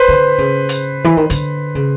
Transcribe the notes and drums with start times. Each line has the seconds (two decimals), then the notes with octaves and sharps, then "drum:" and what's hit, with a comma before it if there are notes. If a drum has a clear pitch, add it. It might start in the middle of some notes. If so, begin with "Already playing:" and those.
Already playing: B4 C5
0.08 D3
0.38 C#3
0.69 drum: hi-hat
1.04 E3
1.17 D#3
1.30 D3, drum: hi-hat
1.75 C#3